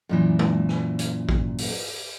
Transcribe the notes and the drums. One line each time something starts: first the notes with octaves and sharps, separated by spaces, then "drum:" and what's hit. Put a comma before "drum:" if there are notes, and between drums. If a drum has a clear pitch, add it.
F#2 A#2 E3
drum: tom G#3
drum: rim click
drum: hi-hat
drum: kick A1
drum: open hi-hat